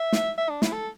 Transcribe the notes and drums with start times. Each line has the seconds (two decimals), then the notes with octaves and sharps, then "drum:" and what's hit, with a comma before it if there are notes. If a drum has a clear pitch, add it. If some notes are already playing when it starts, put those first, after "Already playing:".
Already playing: E5
0.13 drum: snare
0.38 E5
0.50 D4
0.62 E4, drum: snare
0.72 A4